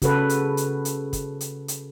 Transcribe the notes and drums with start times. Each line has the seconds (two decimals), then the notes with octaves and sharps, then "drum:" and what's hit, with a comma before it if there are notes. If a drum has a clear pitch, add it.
0.02 C#3 F#4 A4 B4, drum: kick, hi-hat
0.29 drum: hi-hat
0.57 drum: hi-hat
0.85 drum: hi-hat
1.13 drum: kick, hi-hat
1.41 drum: hi-hat
1.68 drum: hi-hat